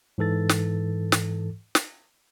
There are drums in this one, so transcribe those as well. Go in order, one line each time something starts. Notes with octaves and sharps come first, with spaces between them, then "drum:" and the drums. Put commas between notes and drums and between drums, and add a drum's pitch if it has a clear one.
G#2 E3 A4 A6
drum: snare
drum: snare
drum: snare